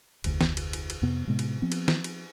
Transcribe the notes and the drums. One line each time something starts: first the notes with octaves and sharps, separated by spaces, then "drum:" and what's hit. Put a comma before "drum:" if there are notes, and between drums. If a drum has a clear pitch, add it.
F1 D2, drum: cymbal
drum: snare
drum: cymbal
drum: cymbal
drum: cymbal
F2 C3 B3
A2 C3 G#3 B3
drum: cymbal
F3 B3 C4
drum: cymbal
drum: snare
drum: cymbal